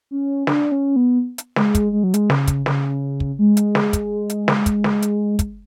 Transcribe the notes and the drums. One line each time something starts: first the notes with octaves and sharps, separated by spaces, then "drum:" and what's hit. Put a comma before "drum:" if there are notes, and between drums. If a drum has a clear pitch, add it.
C#4
D4, drum: snare
C#4
B3
drum: hi-hat
G#3, drum: snare
drum: kick, hi-hat
G#3
F#3
G#3, drum: hi-hat
C#3, drum: snare
drum: kick, hi-hat
C#3, drum: snare
drum: kick
G#3
drum: hi-hat
drum: snare
drum: kick, hi-hat
drum: hi-hat
drum: snare
drum: kick, hi-hat
drum: snare
drum: hi-hat
drum: kick, hi-hat